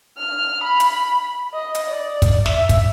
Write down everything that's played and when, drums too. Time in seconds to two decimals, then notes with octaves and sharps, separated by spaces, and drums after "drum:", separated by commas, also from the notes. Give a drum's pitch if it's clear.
0.17 F6
0.63 B5
0.80 drum: hi-hat
1.54 D#5
1.75 drum: hi-hat
1.89 D5
2.22 drum: kick, hi-hat
2.46 E5, drum: snare
2.69 drum: kick, hi-hat